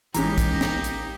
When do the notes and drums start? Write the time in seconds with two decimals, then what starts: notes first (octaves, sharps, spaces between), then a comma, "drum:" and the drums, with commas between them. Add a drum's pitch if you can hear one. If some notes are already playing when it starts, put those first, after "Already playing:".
0.15 A1 E3 G#3 A#3 C#4 D#4 G4 A#5, drum: hi-hat
0.38 drum: kick, hi-hat
0.61 drum: snare
0.84 drum: hi-hat